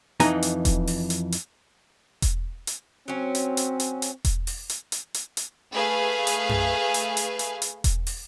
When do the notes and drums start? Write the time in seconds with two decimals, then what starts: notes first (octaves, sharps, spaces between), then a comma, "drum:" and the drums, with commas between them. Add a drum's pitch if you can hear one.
0.20 F2 E3 D#4 G#5 A#5, drum: hi-hat
0.43 drum: hi-hat
0.65 drum: kick E1, hi-hat
0.87 drum: open hi-hat
1.10 drum: hi-hat
1.32 drum: hi-hat
2.22 drum: kick E1, hi-hat
2.67 drum: hi-hat
3.08 F#3 C4 C#4
3.35 drum: hi-hat
3.57 drum: hi-hat
3.80 drum: hi-hat
4.02 drum: hi-hat
4.25 drum: kick E1, hi-hat
4.47 drum: open hi-hat
4.70 drum: hi-hat
4.92 drum: hi-hat
5.14 drum: hi-hat
5.37 drum: hi-hat
5.74 A3 G#4 B4 F5 G#5
6.27 drum: hi-hat
6.49 drum: tom F#2
6.94 drum: hi-hat
7.17 drum: hi-hat
7.39 drum: hi-hat
7.62 drum: hi-hat
7.84 drum: kick E1, hi-hat
8.07 drum: open hi-hat